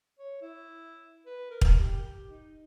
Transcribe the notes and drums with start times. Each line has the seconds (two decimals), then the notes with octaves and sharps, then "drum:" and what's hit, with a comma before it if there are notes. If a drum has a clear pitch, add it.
0.19 C#5
0.42 E4
1.26 B4
1.51 A#4
1.61 drum: kick
1.79 G4
2.28 D#4